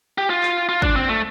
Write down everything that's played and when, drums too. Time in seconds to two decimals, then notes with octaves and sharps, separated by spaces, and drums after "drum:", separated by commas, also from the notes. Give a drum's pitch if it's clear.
0.18 G4
0.30 F4
0.43 drum: clap
0.69 F4
0.82 D4, drum: kick
0.96 C4
1.09 A3